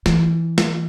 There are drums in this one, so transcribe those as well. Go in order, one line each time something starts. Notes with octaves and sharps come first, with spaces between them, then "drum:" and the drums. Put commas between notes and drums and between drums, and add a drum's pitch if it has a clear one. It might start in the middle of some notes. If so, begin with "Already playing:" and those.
E3, drum: snare
drum: snare